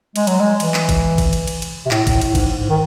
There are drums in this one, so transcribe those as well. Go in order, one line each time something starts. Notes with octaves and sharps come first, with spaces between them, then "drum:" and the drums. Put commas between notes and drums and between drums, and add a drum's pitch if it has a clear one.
G#3, drum: cymbal
F#3, drum: cymbal
G#3
E3, drum: cymbal
drum: clap
drum: kick G1, cymbal
drum: kick G1, cymbal
drum: cymbal
drum: cymbal
drum: cymbal
C3
A2, drum: clap
A2, drum: kick G1, cymbal
A2, drum: cymbal
G#2, drum: kick G1, cymbal
G#2
G#2
D#3